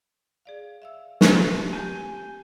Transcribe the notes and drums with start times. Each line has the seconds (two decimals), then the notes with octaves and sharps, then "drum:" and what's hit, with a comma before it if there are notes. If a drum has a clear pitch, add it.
0.45 G#4 D5 F5
0.82 E5 F5 E6
1.21 drum: snare
1.50 A3 C4 G4
1.73 G4 G#5 A5 G6